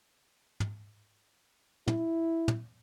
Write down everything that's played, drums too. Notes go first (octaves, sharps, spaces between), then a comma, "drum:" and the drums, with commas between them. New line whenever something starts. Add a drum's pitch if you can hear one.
drum: tom
E4, drum: tom
drum: tom